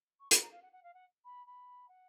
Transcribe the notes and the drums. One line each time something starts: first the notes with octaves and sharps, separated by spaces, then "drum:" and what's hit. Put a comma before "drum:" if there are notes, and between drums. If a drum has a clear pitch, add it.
C#6
B5, drum: hi-hat
A#5
F5
F#5
F#5
F5
F#5
B5
B5
F#5